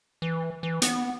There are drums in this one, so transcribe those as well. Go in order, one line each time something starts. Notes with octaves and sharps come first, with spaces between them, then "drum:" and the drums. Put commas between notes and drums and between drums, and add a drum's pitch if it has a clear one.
E3
E3
B3, drum: hi-hat